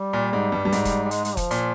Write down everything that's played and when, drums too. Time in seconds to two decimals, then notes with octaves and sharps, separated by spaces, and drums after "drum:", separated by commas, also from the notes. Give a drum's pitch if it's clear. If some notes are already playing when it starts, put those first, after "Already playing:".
Already playing: G3
0.13 A#2
0.33 G#2
0.52 G2
0.65 G2
0.72 G#2, drum: hi-hat
0.85 drum: kick F1, hi-hat
1.04 G3
1.11 G#3, drum: hi-hat
1.25 G#3, drum: hi-hat
1.37 F3, drum: kick F1, hi-hat
1.51 A#2, drum: hi-hat